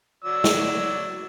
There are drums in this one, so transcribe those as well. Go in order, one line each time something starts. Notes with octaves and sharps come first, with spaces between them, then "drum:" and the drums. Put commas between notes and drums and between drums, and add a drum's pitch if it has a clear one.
F#3 D5 E6
drum: snare